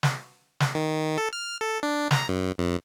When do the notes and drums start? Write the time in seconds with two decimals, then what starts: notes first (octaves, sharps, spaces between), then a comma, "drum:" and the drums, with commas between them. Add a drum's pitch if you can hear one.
0.03 drum: snare
0.60 drum: snare
0.75 D#3
1.18 A4
1.33 F6
1.61 A4
1.83 D4
2.11 A#5, drum: snare
2.28 F#2
2.58 F2